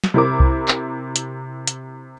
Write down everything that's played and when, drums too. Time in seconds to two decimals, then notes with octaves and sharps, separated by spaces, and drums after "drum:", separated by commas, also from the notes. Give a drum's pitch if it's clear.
0.04 drum: snare
0.14 C3 E4 A#4 D6
0.40 drum: kick C2
0.68 drum: clap
1.16 drum: hi-hat
1.67 drum: hi-hat